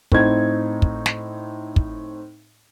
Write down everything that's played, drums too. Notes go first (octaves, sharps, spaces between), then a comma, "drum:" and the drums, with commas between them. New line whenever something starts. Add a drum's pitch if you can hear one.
A2 C4 D#4 G#6, drum: kick
drum: kick
drum: snare
drum: kick